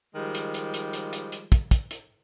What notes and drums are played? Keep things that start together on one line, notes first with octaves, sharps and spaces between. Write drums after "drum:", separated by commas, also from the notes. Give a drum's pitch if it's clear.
D#3 F3 G3 G#3
drum: hi-hat
drum: hi-hat
drum: hi-hat
drum: hi-hat
drum: hi-hat
drum: hi-hat
drum: kick, hi-hat
drum: kick, hi-hat
drum: hi-hat